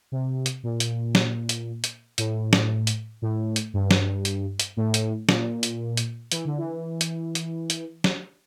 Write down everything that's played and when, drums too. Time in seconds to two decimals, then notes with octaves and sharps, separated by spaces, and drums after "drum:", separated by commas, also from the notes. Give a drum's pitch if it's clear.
0.12 C3
0.46 drum: hi-hat
0.63 A#2
0.80 drum: hi-hat
1.15 drum: snare
1.49 drum: hi-hat
1.84 drum: hi-hat
2.18 A2, drum: hi-hat
2.53 drum: snare
2.87 drum: hi-hat
3.22 A2
3.56 drum: hi-hat
3.74 G2
3.91 drum: snare
4.25 drum: hi-hat
4.60 drum: hi-hat
4.77 A2
4.94 drum: hi-hat
5.29 A#2, drum: snare
5.63 drum: hi-hat
5.97 drum: hi-hat
6.32 E3, drum: hi-hat
6.45 D3
6.58 E3
7.01 drum: hi-hat
7.35 drum: hi-hat
7.70 drum: hi-hat
8.04 drum: snare